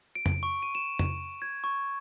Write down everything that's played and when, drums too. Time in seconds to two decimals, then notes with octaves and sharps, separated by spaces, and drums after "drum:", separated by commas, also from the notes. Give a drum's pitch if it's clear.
0.15 D7
0.26 drum: tom F2
0.43 C#6
0.62 D#7
0.75 E7
0.99 drum: tom F2
1.42 G#6
1.64 C#6